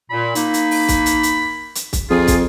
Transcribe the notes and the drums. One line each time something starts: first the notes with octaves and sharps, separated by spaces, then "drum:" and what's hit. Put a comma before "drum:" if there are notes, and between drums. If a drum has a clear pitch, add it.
A#2 B5
A#3 D#4, drum: hi-hat
drum: hi-hat
drum: open hi-hat
drum: kick, hi-hat
drum: hi-hat
drum: hi-hat
drum: hi-hat
drum: kick, hi-hat
F2 F4 G#4
drum: kick, hi-hat